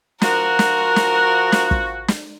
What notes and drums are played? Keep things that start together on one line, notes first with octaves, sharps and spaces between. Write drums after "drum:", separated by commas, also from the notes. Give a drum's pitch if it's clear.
F3 F#4 A#4, drum: snare
drum: snare
drum: snare
drum: snare
drum: kick
drum: snare